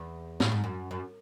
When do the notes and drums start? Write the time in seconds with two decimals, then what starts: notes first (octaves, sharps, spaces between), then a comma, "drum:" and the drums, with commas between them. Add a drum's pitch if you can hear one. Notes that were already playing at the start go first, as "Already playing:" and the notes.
Already playing: E2
0.40 A2, drum: snare
0.52 G#2
0.64 F#2
0.91 F#2